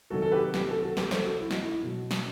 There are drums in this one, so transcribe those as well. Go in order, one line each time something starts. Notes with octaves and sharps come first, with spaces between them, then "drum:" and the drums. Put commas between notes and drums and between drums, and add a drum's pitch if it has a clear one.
C3 D#3 F#3 F#4 A4
A4
G4 B4
G4 B4, drum: snare
F#4 A4
F#4 A4
G4 B4, drum: snare
A4 C5, drum: snare
F#4 A4
E4
D#4 F#4, drum: snare
E4
E4
B2 F#3
drum: snare